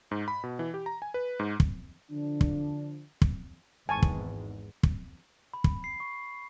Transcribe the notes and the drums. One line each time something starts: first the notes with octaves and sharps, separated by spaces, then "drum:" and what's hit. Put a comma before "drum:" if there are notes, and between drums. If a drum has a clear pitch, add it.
G#2
B5
B2
E3
G4
A#5
G#5
B4
G#2
drum: kick
D3 F3 D4
drum: kick
drum: kick
G#1 E2 G#2 G#5 A5 C#6
drum: kick
drum: kick
B5
drum: kick
C7
C#6